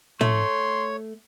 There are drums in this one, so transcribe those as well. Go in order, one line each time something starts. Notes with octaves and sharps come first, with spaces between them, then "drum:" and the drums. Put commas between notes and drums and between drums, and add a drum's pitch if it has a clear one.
A3 C#5 C6, drum: tom